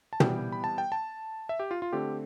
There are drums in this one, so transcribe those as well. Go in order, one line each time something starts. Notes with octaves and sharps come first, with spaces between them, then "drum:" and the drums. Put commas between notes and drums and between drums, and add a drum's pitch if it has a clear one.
A5
E3 G3 B3 G5, drum: tom
B5
A5
G5
A5
E5
G4
F4
F4
D3 A3 C4 G4